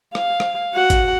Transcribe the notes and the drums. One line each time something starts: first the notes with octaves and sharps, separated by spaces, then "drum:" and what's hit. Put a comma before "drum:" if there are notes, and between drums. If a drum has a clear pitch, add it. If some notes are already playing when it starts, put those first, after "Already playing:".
F5, drum: rim click
drum: rim click
F#4 F#5
drum: kick, hi-hat